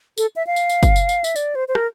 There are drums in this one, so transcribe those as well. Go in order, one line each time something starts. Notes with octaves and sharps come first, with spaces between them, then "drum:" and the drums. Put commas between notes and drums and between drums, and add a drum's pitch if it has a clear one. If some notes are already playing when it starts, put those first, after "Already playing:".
A4, drum: tambourine
E5
F5
drum: tambourine
drum: tambourine
drum: kick, tambourine
drum: tambourine
drum: tambourine
E5, drum: tambourine
D5, drum: tambourine
C5
C5
A#4, drum: rim click